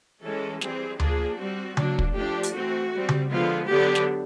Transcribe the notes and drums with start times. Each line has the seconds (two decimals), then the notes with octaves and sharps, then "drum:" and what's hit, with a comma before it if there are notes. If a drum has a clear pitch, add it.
0.23 E3 G#3 C#4 A4
0.61 E3 G3 C4 G#4, drum: snare
1.00 F3 A#3 D4 G#4, drum: tom D2
1.38 G3 C4 F#4
1.77 F#3 A#3 D4, drum: tom C#3
1.99 drum: kick
2.16 F3 A3 D4 G4
2.43 drum: hi-hat
2.53 E3 A3 C4 F#4
2.93 G3 C4
3.09 drum: tom C#3
3.31 D3 F3 G#3 B3 F4
3.69 D3 F#3 B3 D4 G4
3.95 drum: snare